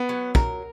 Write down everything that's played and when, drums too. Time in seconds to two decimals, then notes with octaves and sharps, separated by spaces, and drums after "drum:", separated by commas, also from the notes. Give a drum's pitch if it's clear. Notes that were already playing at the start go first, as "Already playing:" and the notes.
Already playing: B3
0.09 F#3
0.35 A#4, drum: kick